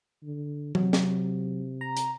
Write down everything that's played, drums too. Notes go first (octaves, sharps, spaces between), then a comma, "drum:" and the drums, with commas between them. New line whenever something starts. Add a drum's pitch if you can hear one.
D3
C3 F#3, drum: tom E3
drum: snare
A#5
drum: hi-hat